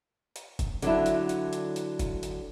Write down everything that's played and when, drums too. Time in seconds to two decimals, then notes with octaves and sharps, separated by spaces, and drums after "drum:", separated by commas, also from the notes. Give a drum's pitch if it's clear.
0.36 drum: hi-hat
0.59 drum: kick, hi-hat
0.82 D3 F#3 D4 E4, drum: hi-hat
1.06 drum: hi-hat
1.29 drum: hi-hat
1.53 drum: hi-hat
1.76 drum: hi-hat
1.99 drum: kick, hi-hat
2.23 drum: hi-hat